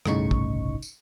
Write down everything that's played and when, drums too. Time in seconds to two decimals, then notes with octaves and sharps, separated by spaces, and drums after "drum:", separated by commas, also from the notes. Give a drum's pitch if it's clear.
0.06 G1 C2 A2 C#3 D#4 C#6, drum: rim click
0.31 drum: kick
0.82 drum: tambourine